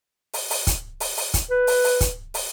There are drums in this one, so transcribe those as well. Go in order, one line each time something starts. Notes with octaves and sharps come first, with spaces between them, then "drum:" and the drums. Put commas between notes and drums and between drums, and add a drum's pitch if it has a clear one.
drum: open hi-hat
drum: open hi-hat
drum: kick, hi-hat
drum: open hi-hat
drum: open hi-hat
drum: kick, hi-hat
B4
drum: open hi-hat
drum: open hi-hat
drum: kick, hi-hat
drum: open hi-hat